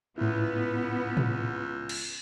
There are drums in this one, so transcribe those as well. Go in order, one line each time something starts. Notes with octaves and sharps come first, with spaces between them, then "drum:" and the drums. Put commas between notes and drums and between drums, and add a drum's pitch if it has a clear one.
C#2 A2 B3 E4
drum: tom A2
drum: cymbal